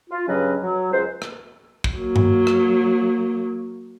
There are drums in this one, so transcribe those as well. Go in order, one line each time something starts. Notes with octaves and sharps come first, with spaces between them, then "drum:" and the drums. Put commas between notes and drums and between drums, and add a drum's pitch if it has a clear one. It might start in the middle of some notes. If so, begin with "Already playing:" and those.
F4
G2 C#3 F#3 C#4 B4 D#5
F#3
C#2 G#3 B4 C5
drum: rim click
drum: kick
F#3 A#3
drum: tom G2
drum: rim click